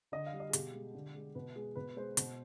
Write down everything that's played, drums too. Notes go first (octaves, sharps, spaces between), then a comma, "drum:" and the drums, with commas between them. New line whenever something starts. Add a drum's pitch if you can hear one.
D3 D#5
F5
G3
D#5
G#4
B2 G4, drum: hi-hat
G#3
D3
G#3
B2 B4
G#3 G#4
B2 B4
G#3 C5
B2, drum: hi-hat